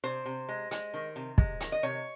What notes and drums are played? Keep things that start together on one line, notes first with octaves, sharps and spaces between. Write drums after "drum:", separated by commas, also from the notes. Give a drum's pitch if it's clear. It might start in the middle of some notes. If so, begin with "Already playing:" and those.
C3 C5
C3
G#3
G#3, drum: hi-hat
D#3
C3
G#3, drum: kick
D#3, drum: hi-hat
D#5
C3 C#5